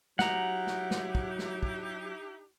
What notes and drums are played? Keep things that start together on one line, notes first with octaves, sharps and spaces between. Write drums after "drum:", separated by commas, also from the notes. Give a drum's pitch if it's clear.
F#3 D#4 E4 G4 F#5 A#5, drum: snare
drum: snare
drum: snare
drum: kick
drum: snare
drum: kick